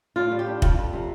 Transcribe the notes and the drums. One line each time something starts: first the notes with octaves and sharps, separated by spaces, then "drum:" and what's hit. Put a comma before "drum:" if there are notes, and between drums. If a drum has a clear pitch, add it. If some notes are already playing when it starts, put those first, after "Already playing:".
A2 F4
G3
G4
D4
F2 F4, drum: kick
F2
C3